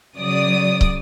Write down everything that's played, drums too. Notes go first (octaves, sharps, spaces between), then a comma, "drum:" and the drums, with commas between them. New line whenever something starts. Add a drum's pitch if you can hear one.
C#3 F#3 D5 D#6
drum: kick